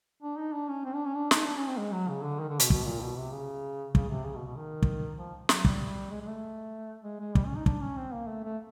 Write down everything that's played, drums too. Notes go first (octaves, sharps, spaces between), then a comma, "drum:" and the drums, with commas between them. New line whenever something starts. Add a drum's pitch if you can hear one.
D4
D#4
D4
C#4
C4
D4
C#4
D4
D#4, drum: snare
D4
C#4
C4
G#3
F#3
C#3
D3
D#3
D3
B2, drum: hi-hat
B2, drum: kick
A#2
B2
C3
C#3
C#3, drum: kick
C3
C#3
B2
B2
D#3
drum: kick
F3
F#3, drum: snare
G3, drum: kick
G#3
G#3
A3
G#3
G#3
G3, drum: kick
C#4
D#4
D4, drum: kick
C#4
C4
A#3
A3
A3